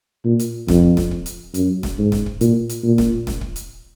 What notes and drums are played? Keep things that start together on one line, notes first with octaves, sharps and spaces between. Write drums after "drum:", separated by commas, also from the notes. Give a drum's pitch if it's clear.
A#2
drum: hi-hat
F2, drum: snare
drum: snare
drum: kick C#1
drum: hi-hat
F#2, drum: hi-hat
drum: snare
G#2
drum: snare
drum: kick C#1
A#2, drum: hi-hat
drum: hi-hat
A#2
drum: snare
drum: snare
drum: kick C#1
drum: hi-hat